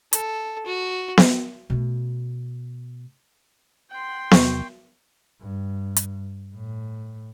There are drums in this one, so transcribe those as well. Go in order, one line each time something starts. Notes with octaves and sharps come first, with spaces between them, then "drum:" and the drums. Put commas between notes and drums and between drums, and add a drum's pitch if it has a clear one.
A4, drum: hi-hat
F#4
drum: snare B3
B2 A3
F#5 G5 C6
E2 C3 F#3 C#6, drum: snare B3
G2
drum: hi-hat
A2